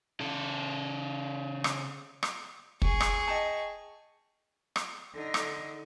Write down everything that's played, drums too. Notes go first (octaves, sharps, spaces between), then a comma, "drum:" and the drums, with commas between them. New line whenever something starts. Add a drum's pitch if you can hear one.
C#3 A4
drum: rim click
drum: rim click
G#4 C#6, drum: kick
drum: rim click
D#5 G5 A5
drum: rim click
D3 D#4 A4
drum: rim click